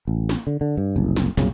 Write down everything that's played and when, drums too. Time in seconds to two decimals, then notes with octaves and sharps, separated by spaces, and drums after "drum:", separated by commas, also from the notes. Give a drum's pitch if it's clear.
0.08 A1
0.29 drum: snare
0.47 D3
0.61 D3
0.77 G2
0.96 F#1 C2
1.16 drum: snare
1.37 C2 F#2 A#2 C#3, drum: snare